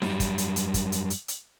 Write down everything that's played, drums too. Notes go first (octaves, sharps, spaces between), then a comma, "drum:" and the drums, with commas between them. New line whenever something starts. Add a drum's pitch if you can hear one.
F#2 G3, drum: snare D#4
drum: kick, hi-hat
drum: hi-hat
drum: hi-hat
drum: kick, hi-hat
drum: hi-hat
drum: hi-hat
drum: hi-hat